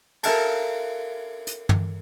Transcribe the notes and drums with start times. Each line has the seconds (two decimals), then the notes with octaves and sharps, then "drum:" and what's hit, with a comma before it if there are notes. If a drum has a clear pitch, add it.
0.23 A4 A#4 E5 F5 G#5 A5, drum: cymbal
1.47 drum: hi-hat
1.69 drum: tom